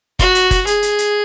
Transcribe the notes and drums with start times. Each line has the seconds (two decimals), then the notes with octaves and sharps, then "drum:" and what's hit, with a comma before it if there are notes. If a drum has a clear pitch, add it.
0.19 F#4, drum: kick F#1, hi-hat
0.35 drum: hi-hat
0.51 drum: kick F#1, hi-hat
0.67 G#4, drum: hi-hat
0.83 drum: hi-hat
0.98 drum: hi-hat